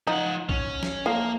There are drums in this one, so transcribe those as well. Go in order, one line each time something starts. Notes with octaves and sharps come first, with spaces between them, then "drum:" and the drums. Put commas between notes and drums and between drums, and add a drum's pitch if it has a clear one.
F3 D#4 F#5
C#4, drum: kick B1
drum: snare
F3 A3 A#3